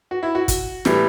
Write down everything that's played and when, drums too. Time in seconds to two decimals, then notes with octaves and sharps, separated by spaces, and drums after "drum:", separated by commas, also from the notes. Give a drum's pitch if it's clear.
0.11 F#4
0.23 E4
0.35 F#4
0.48 drum: kick, hi-hat
0.85 A2 E3 G3, drum: snare